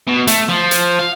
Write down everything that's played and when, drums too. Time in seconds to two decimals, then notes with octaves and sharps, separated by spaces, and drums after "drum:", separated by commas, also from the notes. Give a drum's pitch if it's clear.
0.07 B2
0.27 A3, drum: hi-hat
0.49 F3
0.71 drum: hi-hat
0.99 F5